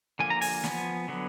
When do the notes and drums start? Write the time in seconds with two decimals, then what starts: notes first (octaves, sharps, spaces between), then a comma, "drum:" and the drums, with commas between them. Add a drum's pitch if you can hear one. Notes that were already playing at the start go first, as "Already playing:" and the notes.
0.19 D3 F3 A#3 G#5
0.30 A#5
0.41 G#5, drum: open hi-hat
0.64 F3 B3, drum: snare
1.08 D3 F#3 B3